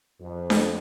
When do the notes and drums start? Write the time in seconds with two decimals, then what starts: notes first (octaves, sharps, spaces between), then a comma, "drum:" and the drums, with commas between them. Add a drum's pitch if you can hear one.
0.20 F2
0.50 drum: snare D4